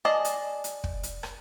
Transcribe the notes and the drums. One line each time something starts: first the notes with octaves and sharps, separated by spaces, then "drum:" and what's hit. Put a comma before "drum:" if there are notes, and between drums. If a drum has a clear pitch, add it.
G#4 D5 D#5 A5
drum: hi-hat
drum: hi-hat
drum: kick
drum: hi-hat
drum: rim click